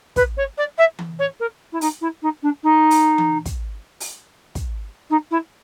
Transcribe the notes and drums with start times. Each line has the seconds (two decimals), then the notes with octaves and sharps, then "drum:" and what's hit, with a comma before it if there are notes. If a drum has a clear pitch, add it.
0.16 B4, drum: kick, hi-hat
0.37 C#5
0.58 D5
0.78 E5
0.99 drum: tom E3
1.19 C#5
1.40 A#4
1.72 E4
1.81 D#4, drum: open hi-hat
2.01 E4
2.22 D#4
2.43 D4
2.63 D#4
2.91 drum: open hi-hat
3.18 drum: tom E3
3.46 drum: kick, hi-hat
4.00 drum: open hi-hat
4.55 drum: kick, hi-hat
5.10 D#4
5.31 E4